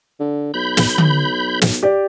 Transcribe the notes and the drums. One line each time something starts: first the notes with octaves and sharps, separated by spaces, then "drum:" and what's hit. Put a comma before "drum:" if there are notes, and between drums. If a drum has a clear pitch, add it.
D3
B1 B5 G6
drum: snare
drum: tom D3
drum: snare
G4 D5